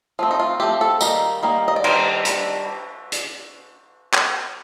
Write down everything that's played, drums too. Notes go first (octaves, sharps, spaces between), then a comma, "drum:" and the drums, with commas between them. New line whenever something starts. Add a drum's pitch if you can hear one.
F3 A3 C4
D#4
F4
F3 A3 C4 G4
A4
D#3 G3 A#3 D#4 A#4, drum: tambourine
D#3 G3 A#3 D#4
D#5
D5
D#3 G3 D4 C5, drum: cymbal
D#3 G3 D4, drum: hi-hat
drum: hi-hat
drum: clap